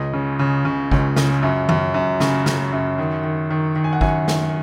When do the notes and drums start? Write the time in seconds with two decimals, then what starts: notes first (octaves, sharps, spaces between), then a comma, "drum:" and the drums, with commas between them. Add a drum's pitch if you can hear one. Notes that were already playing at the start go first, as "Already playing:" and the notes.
Already playing: C#2 D#5
0.13 C#3
0.39 C#3
0.65 C#3
0.91 C#2, drum: kick
1.16 C#3, drum: snare
1.43 F#2
1.69 F#2, drum: tom D#3
1.94 F#2
2.20 C#3, drum: snare
2.46 C#3, drum: snare
2.72 F#2
2.98 D#3
3.23 D#3
3.50 D#3
3.76 D#3
3.84 G#5
3.93 F#5
4.01 F#2 G#5, drum: kick
4.28 D#3, drum: snare